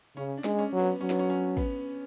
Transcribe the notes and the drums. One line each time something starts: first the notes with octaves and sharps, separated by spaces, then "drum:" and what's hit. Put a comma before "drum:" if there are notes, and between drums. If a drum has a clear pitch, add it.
C#3 C#4
D4
G#3, drum: snare
C#4
F#3
B3
F#3 C#4
B3, drum: snare
C#4
C#4
B3, drum: kick